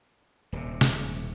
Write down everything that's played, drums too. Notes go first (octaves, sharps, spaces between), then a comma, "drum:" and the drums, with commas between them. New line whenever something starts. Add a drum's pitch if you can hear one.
D#1 C3
drum: snare